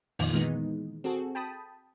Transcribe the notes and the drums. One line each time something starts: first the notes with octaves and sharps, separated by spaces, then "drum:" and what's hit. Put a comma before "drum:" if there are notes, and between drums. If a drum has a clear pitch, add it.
F2 A#2 D#3 F3, drum: open hi-hat
A#2 D#3 E3 G#3 B3 D#4
C4 F#4 G#4 A4
G5 A5 B5 D#6